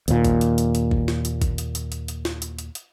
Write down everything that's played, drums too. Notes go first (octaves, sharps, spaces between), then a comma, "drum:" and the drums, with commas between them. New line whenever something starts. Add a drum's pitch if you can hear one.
D#2 A#2, drum: hi-hat
drum: kick A1, hi-hat
drum: hi-hat
drum: hi-hat
drum: hi-hat
drum: kick A1
drum: snare
drum: hi-hat
drum: kick A1, hi-hat
drum: hi-hat
drum: hi-hat
drum: hi-hat
drum: hi-hat
drum: snare
drum: hi-hat
drum: hi-hat
drum: hi-hat